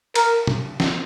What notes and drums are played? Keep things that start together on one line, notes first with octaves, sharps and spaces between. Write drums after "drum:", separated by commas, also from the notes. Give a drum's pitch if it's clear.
A#4, drum: cymbal
drum: tom
drum: snare